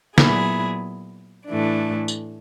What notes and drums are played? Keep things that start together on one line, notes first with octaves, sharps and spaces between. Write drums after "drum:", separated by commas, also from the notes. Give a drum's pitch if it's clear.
A#2 F#3 B3 E4 G#4, drum: snare
A2 E3 A3 D4
drum: tambourine